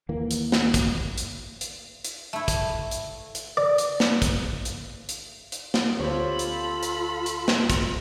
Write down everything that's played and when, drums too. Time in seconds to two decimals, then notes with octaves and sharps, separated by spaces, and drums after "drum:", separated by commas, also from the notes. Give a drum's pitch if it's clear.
0.09 D#2 E3 A#3
0.31 drum: hi-hat
0.52 drum: snare
0.74 drum: kick, hi-hat
1.18 drum: hi-hat
1.61 drum: hi-hat
2.04 drum: hi-hat
2.33 A3 E4
2.48 drum: kick, hi-hat
2.91 drum: hi-hat
3.35 drum: hi-hat
3.57 D5
3.78 drum: hi-hat
4.00 drum: snare
4.22 drum: kick, hi-hat
4.65 drum: hi-hat
5.09 drum: hi-hat
5.52 drum: hi-hat
5.74 drum: snare
6.00 D2 C4 F4 G4 A4 C#5 B5
6.39 drum: hi-hat
6.83 drum: hi-hat
7.26 drum: hi-hat
7.48 drum: snare
7.70 drum: kick, hi-hat